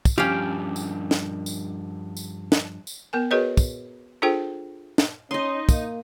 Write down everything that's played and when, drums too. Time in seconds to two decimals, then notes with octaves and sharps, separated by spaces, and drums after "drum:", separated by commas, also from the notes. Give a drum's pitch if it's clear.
0.05 drum: kick, tambourine
0.18 G2 F3 C#4 G4 F5
0.76 drum: tambourine
1.11 drum: snare
1.46 drum: tambourine
2.17 drum: tambourine
2.52 drum: snare
2.87 drum: tambourine
3.13 B3 A#4 G#5
3.31 F#4 G#4 A#4 B4 C#5 D#5
3.57 drum: kick, tambourine
4.22 D4 F4 G#4 A4 C5 G5
4.98 drum: snare
5.31 C#4 D#4 D#5 C6
5.69 A#3, drum: kick, tambourine